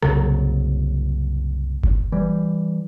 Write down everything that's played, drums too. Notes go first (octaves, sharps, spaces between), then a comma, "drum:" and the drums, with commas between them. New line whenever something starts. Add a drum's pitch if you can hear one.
F#1 C2 C#3 F#3, drum: rim click
drum: kick F#1
E3 G3